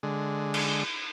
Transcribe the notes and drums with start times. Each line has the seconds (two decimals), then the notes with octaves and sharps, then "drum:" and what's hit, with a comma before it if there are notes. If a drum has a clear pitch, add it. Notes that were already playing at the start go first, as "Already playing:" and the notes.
0.03 D3 G#3
0.54 drum: cymbal